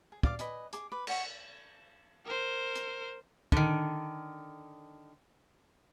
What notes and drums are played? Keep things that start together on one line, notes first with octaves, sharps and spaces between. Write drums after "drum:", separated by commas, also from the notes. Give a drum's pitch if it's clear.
G#4
D5 F5 D6, drum: kick
B4 D#5 G#5, drum: hi-hat
G#4 D6, drum: hi-hat
B4 D6
C#5 F#5 C#6, drum: cymbal
A#4 C5
drum: hi-hat
D3 D#3, drum: kick